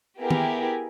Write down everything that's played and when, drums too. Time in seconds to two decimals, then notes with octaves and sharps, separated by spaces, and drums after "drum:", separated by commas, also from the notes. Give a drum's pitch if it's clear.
0.20 B3 E4 G4 G#4 A#4
0.31 drum: tom D#3